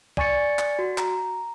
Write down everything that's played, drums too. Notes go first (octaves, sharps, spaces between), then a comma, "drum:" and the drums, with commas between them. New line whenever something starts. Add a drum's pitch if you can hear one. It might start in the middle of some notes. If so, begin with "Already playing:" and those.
D5 G#5 C#6 A6 C#7, drum: kick
drum: clap
F#4
A#5, drum: clap